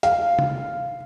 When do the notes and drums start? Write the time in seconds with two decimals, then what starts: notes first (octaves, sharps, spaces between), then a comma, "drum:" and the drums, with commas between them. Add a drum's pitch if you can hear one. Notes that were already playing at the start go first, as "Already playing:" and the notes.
0.03 F5, drum: hi-hat
0.39 drum: tom C3